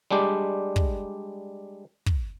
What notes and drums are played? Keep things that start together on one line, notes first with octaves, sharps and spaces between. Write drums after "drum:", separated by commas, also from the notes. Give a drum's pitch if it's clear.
G3 G#3 D4 G4
drum: kick
drum: kick